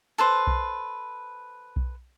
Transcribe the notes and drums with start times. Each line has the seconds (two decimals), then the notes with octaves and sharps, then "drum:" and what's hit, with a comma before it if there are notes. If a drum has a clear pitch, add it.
0.18 A4 B4 C5
0.47 drum: kick B1
1.76 drum: kick B1